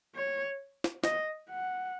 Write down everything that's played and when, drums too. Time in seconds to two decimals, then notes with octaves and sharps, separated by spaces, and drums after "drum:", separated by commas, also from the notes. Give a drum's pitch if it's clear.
0.15 C#5
0.84 drum: snare
1.04 D#5, drum: snare
1.50 F#5